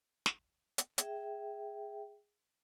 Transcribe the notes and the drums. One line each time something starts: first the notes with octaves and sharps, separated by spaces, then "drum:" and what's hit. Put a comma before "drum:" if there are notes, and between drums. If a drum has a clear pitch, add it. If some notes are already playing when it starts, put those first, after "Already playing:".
drum: snare
drum: hi-hat
G#4 E5 G5, drum: hi-hat